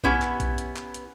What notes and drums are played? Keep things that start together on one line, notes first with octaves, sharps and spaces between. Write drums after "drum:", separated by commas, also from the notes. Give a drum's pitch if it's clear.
B3 C#4 E4 G4 B4, drum: kick A#1
drum: clap
drum: kick A#1, hi-hat
drum: hi-hat
drum: clap
drum: hi-hat